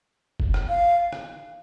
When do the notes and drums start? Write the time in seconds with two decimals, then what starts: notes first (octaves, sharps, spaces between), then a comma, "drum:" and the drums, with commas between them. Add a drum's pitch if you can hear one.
0.40 drum: kick F1
0.54 drum: rim click
0.69 F5
1.12 drum: rim click